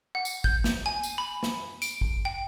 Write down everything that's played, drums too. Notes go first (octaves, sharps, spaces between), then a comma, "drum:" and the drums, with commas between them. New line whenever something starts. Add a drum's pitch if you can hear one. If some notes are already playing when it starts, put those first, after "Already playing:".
F#5
drum: tambourine
G6, drum: kick
drum: snare
G#5
drum: tambourine
B5
drum: snare
D7, drum: tambourine
drum: kick
G5